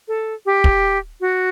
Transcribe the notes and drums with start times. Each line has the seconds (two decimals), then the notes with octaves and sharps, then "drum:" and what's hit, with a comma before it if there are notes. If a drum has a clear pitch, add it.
0.08 A4
0.46 G4
0.64 drum: kick
1.21 F#4